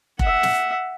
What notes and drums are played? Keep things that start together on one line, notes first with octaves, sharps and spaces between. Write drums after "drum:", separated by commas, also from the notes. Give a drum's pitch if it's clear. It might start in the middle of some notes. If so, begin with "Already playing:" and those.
E5 F#5, drum: kick F1
drum: snare